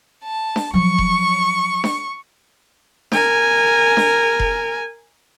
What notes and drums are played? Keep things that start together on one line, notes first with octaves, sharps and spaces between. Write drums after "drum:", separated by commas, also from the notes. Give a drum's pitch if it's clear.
A5
drum: snare D4
F3 F#3 C#6
drum: kick F1
drum: snare D4
A#4 G#5, drum: snare D4
drum: snare D4
drum: kick F1